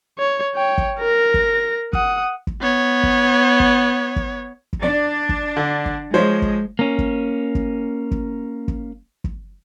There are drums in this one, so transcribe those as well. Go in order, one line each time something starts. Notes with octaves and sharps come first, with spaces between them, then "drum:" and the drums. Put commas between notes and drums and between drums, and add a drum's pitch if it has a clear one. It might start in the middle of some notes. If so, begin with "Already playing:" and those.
C#5
C#5 G5
drum: kick
A#4 A#6
drum: kick
F#5 D#6, drum: kick
drum: kick
B3 C#5
drum: kick
drum: kick
drum: kick
drum: kick
D4 D5
drum: kick
D3
drum: kick
F3 G#3 C5 C#5
drum: kick
A#3 C#4
drum: kick
drum: kick
drum: kick
drum: kick
drum: kick